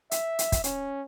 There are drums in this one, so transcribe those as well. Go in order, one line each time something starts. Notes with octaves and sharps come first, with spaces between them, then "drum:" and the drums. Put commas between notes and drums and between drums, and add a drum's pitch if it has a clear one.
E5, drum: hi-hat
drum: hi-hat
drum: kick, hi-hat
C#4, drum: hi-hat